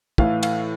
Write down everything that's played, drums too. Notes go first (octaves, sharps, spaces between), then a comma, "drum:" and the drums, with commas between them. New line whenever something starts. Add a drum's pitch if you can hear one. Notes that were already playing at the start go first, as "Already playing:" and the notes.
A2 E3 A3 F5, drum: kick
F5, drum: cymbal